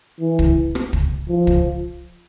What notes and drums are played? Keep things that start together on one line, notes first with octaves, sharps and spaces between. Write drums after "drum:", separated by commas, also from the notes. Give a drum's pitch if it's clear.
E3
drum: kick
drum: rim click
drum: kick
F3
drum: kick